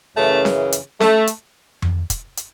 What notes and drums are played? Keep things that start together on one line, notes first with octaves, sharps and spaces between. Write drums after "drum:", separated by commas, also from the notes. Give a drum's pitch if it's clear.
F#2 C#3 E3 A3
drum: snare C#4
drum: hi-hat
A3, drum: snare C#4
drum: hi-hat
drum: tom F2
drum: kick, hi-hat
drum: hi-hat